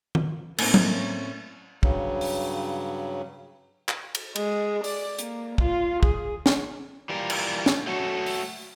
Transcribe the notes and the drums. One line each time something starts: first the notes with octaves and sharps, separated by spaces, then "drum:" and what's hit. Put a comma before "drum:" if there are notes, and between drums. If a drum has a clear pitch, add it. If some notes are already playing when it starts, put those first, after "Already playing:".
drum: tom D#3
A2 A#3 C4 D#4, drum: cymbal
drum: tom F#3
C#4
G2 C#3 F#3, drum: kick
drum: open hi-hat
drum: clap
drum: cymbal
G#3, drum: cymbal
D5, drum: open hi-hat
A#3, drum: hi-hat
F4, drum: kick
G#4, drum: kick
drum: snare
E3 G3 F4 A#4
drum: cymbal
drum: snare
F#3 A3 F#4 A4
drum: open hi-hat